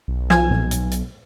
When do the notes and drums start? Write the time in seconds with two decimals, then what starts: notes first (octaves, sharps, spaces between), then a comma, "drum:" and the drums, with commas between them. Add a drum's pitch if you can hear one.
0.08 B1
0.30 F3 G#5, drum: rim click
0.51 drum: tom A#2
0.71 drum: hi-hat
0.91 drum: hi-hat